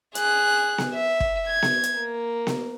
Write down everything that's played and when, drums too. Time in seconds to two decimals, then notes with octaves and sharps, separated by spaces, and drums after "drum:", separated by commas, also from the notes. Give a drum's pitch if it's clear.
0.15 G#4 F#6, drum: hi-hat
0.78 drum: snare B3
0.94 E5
1.20 drum: kick
1.47 G#6
1.62 drum: snare B3
1.83 drum: hi-hat
1.97 A#3
2.47 drum: snare B3